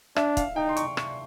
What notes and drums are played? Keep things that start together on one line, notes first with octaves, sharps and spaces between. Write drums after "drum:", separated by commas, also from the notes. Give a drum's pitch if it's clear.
D4 E5, drum: rim click
F5, drum: kick, hi-hat
D#4 G5
C6
C#6, drum: hi-hat
C#6, drum: rim click